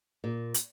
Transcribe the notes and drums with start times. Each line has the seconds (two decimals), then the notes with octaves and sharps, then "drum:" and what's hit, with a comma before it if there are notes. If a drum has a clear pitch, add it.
0.24 A#2
0.54 drum: hi-hat